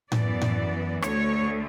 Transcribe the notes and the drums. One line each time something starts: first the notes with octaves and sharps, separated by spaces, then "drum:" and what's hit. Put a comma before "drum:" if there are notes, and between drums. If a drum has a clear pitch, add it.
F#2 E3 B3 D5, drum: tom A2
drum: tom A2
D2 D3 A3 C#5, drum: rim click